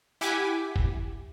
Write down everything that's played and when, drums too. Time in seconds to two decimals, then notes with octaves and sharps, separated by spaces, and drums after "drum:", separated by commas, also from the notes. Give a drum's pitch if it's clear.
0.21 E4 G4 F#5 G#5 D6 B6
0.76 drum: kick